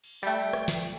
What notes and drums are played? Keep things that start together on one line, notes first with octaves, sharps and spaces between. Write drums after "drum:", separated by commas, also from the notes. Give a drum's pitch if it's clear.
drum: cymbal
G3 A3 G5
drum: rim click
drum: snare